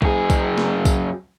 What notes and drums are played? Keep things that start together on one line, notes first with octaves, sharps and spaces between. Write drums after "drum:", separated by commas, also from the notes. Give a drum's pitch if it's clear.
F#2 G#4, drum: kick B1
drum: kick B1, tambourine
drum: snare
drum: kick B1, tambourine